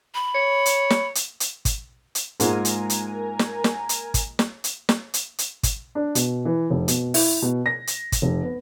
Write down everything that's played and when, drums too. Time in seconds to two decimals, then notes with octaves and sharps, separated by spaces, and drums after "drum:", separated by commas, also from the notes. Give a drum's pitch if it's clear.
0.15 B5
0.35 C#5
0.66 drum: hi-hat
0.90 drum: snare
1.15 drum: hi-hat
1.40 drum: hi-hat
1.65 drum: kick, hi-hat
2.15 drum: hi-hat
2.40 G#2 G#3 A#3 F4 A#4 G#5 A#5, drum: hi-hat
2.65 drum: hi-hat
2.90 drum: hi-hat
3.39 drum: snare
3.64 drum: snare
3.89 drum: hi-hat
4.14 drum: kick, hi-hat
4.39 drum: snare
4.64 drum: hi-hat
4.89 drum: snare
5.14 drum: hi-hat
5.38 drum: hi-hat
5.63 drum: kick, hi-hat
5.95 D4
6.15 B2, drum: hi-hat
6.45 E3
6.71 F1
6.88 B2, drum: hi-hat
7.14 E4, drum: open hi-hat
7.42 B2
7.66 A#6
7.87 drum: hi-hat
8.12 drum: kick, hi-hat
8.22 F1
8.43 B3